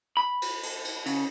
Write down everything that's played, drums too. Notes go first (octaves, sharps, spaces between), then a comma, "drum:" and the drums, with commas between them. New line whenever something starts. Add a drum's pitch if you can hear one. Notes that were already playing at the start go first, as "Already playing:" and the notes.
B5
drum: cymbal
drum: cymbal
drum: cymbal
C#3, drum: cymbal